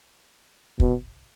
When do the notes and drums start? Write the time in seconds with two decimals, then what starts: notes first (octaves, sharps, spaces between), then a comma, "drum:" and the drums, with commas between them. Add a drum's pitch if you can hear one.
0.80 B2, drum: kick